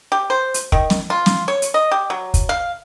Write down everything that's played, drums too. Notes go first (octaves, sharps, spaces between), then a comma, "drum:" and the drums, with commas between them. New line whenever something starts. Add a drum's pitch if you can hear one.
G4
C5
drum: hi-hat
D#3, drum: kick
drum: snare
F4
drum: snare
C#5
drum: hi-hat
D#5
G4
F#3
drum: kick, hi-hat
F5